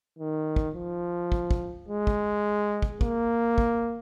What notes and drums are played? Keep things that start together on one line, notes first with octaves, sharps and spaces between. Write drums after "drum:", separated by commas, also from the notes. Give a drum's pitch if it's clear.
D#3
drum: kick
F3
drum: kick
drum: kick
G#3
drum: kick
drum: kick
A#3, drum: kick
drum: kick